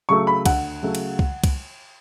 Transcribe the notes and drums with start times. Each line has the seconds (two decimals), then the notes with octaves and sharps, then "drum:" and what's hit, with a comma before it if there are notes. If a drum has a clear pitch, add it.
0.09 C#3 F#3 A3 C#6
0.27 B5
0.46 D2 F#5, drum: kick C2, cymbal
0.83 C#3 F#3 A3
0.95 drum: cymbal
1.19 drum: kick C2
1.44 drum: kick C2, cymbal